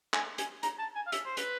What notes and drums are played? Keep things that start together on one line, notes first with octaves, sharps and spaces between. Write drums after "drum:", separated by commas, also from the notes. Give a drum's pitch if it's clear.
G#5, drum: clap
G#5, drum: hi-hat
A#5, drum: hi-hat
A5
G#5
F5
E5, drum: hi-hat
C5
B4, drum: hi-hat